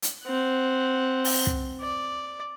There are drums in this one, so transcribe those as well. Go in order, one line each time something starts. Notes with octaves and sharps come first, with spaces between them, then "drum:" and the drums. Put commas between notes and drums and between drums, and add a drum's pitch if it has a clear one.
drum: hi-hat
C4 F#5
drum: open hi-hat
drum: kick
D5